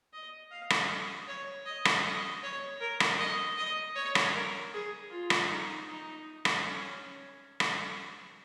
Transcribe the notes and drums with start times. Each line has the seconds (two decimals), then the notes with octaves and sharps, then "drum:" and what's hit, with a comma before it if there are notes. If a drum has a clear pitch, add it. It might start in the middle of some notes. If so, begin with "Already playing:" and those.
0.13 D#5
0.51 F5
0.70 drum: rim click
0.89 D#5
1.28 C#5
1.66 D#5
1.85 drum: rim click
2.04 D#5
2.43 C#5
2.81 A#4
3.00 drum: rim click
3.19 D#5
3.57 D#5
3.95 C#5
4.15 drum: rim click
4.35 A#4
4.73 G#4
5.10 F4
5.30 drum: rim click
5.49 D#4
5.88 D#4
6.45 drum: rim click
6.65 C#4
7.60 drum: rim click